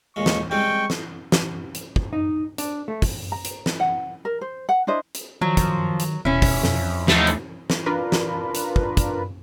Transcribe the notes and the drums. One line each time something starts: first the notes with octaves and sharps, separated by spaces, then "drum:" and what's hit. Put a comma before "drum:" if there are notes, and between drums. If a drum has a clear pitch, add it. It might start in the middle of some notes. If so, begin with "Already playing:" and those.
D#2 A#2 G#3 C#6
drum: snare
G3 G#3 C4 G5 C#6
drum: snare
drum: snare
drum: hi-hat
drum: kick
D#4
D4, drum: hi-hat
A3
drum: kick, open hi-hat
A#5
drum: hi-hat
drum: snare
F#5
A#4
C5
F#5
D4 E4 C5 D#5
drum: hi-hat
D#3 F3 F#3
drum: kick, hi-hat
drum: hi-hat
D#1 B2 C#4 E4
drum: kick, open hi-hat
F2, drum: snare
D#2 F3 A3 D#4, drum: snare
drum: hi-hat
drum: snare
D4 F4 A#4 B4
drum: snare
drum: hi-hat
drum: kick
drum: kick, hi-hat